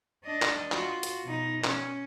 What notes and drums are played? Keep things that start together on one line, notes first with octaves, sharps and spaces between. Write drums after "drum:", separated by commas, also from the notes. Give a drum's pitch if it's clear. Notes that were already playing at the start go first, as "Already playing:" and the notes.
D4 D#5
drum: clap
F4 F#4, drum: clap
drum: hi-hat
B2 D#4
C#4, drum: clap